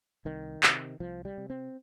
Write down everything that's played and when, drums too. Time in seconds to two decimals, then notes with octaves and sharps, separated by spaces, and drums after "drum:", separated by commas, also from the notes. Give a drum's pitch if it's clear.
0.25 C2 D#3
0.63 C3, drum: clap
1.00 C2 F3
1.25 G3
1.37 C3
1.50 C4